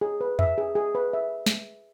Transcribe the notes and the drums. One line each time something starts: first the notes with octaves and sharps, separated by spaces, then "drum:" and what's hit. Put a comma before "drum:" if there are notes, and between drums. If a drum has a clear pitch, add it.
G#4
B4
E5, drum: tom E2
G#4
G#4
B4
E5
drum: snare